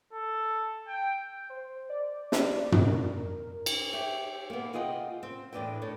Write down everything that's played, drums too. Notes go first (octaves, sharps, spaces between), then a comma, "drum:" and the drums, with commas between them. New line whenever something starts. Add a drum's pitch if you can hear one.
A4
G5
C5
D5
drum: snare
drum: tom
A#4
drum: cymbal
G4 G#4 C#5 E5 G5
A#3 B3
C3 F4 G#4 D#5 F#5 G5
C4
E2 A2 C3 D4 B4 G5
A2 A4 C#5